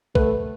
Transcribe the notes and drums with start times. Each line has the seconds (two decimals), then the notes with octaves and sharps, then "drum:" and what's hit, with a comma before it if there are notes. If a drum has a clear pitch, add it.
0.15 A3 B4, drum: kick